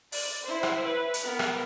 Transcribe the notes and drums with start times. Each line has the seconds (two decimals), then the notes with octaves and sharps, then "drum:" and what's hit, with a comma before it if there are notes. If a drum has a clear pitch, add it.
0.12 D5, drum: open hi-hat
0.43 E4 C5
0.63 drum: rim click
0.84 B4
1.14 drum: hi-hat
1.23 B3 A#4
1.39 drum: rim click